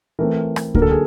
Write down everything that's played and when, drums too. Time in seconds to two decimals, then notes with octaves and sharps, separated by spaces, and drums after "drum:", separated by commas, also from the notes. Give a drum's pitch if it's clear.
0.19 E3 A3 C4 A#4
0.56 drum: rim click
0.74 D3 F#3 A#3 A#4, drum: kick C#2
0.82 A4
0.91 G#4